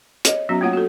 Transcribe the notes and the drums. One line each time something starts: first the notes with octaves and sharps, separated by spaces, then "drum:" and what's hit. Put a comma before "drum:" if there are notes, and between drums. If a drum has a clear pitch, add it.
C#5 D#5, drum: hi-hat
F#3 B3 C#4 F#4
A3 A#3 F4 C#5 F#5
F#4 A4